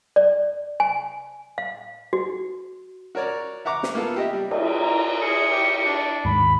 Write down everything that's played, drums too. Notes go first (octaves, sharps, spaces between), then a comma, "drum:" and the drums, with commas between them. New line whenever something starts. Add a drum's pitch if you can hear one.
D5
G#5
F5
F#4
F#4 A#4 C#5 D5
E5 F#5 A#5 D6
drum: snare
A#3 B3 F4 A4
G4 D#5 E5
G3
drum: cymbal
A#5
G#4 C#7
G4
D4
D#2 G#2 B5